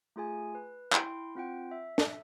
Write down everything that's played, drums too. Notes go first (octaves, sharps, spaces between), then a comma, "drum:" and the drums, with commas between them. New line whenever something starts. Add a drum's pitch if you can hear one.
A3 F4 G#4 G#5
B4
E4 G5 C6, drum: clap
C4 F4 F#5 G5
E5
drum: snare